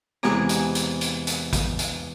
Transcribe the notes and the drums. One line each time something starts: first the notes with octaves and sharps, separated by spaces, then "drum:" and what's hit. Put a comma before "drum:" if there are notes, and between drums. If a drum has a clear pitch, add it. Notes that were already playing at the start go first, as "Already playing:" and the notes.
E2 C3 G#3 G4 G#5 A#5, drum: rim click
drum: hi-hat
drum: hi-hat
drum: hi-hat
drum: hi-hat
drum: kick A1, hi-hat
drum: hi-hat